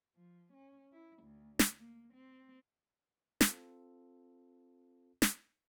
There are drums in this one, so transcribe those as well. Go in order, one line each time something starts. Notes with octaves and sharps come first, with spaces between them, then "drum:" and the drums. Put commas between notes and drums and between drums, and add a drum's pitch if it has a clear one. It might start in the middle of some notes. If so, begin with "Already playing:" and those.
F3
C#4
E4
D2
drum: snare
A#3
C4
C4 F4 A4, drum: snare
drum: snare